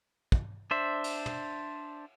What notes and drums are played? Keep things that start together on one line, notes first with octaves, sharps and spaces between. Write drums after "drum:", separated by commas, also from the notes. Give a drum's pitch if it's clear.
drum: kick
D4 C5 E5
drum: cymbal
drum: tom